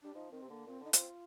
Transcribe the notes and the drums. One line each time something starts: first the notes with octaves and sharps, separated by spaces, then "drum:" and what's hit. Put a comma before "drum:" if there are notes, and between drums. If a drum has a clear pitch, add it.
G3 D4
F3 D#4
D#3 C4
C3
D3 A#3
A#2 C4
D3 D#4
C4 F4, drum: hi-hat